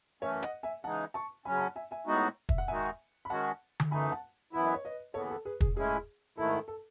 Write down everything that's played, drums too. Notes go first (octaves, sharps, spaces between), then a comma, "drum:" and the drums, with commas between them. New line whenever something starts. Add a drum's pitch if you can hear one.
F#2 E3 A3 C#4 C#5 E5
D#5 F#5, drum: hi-hat
E5 G#5
C#3 E3 G#3 D#4 F#5 A5
A5 C#6
C#3 F#3 C#4 G#5 B5
B5
F#5 A5
E5 G#5
E5 G#5
A2 G#3 B3 D#4 F#4
E5, drum: kick
F#5
D#3 G#3 D#4 F#4 E5 G#5
B5
D#3 G#3 C#4 F#4 F#5 A5
drum: tom D3
F#2 E3 A3 D#4 G#5 B5
F#5 A5
F#2 E3 B3 E4 E5
D#5
C#5
B4 D#5
D#2 C#3 E3 B3 A4 C#5
A4
G#4 B4
G#4, drum: kick
A2 G#3 C#4 E4 G#4
G#2 D#3 A3 E4 A4
A4
A4